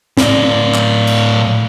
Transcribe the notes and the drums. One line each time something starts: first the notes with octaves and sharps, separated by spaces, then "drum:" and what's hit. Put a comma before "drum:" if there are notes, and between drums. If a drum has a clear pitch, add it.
A2 D5, drum: snare
drum: clap
drum: cymbal